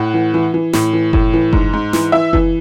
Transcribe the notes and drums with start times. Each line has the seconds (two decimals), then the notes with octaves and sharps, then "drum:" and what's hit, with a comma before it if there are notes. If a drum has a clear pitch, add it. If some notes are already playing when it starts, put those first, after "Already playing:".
Already playing: A2 F#5
0.14 E3
0.34 E3
0.54 E3
0.73 A2, drum: snare
0.93 E3
1.13 A2, drum: kick F#1
1.33 E3
1.53 G#2, drum: kick F#1
1.73 G#2
1.93 E3, drum: snare
2.12 E3 E5
2.33 E3, drum: kick F#1